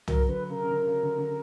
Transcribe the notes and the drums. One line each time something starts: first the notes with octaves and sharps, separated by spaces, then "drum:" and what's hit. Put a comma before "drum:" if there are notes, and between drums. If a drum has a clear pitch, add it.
F#3 A#4, drum: tom
D3 B4
C#3 A#4
C#3
D3
C#3
D3
D3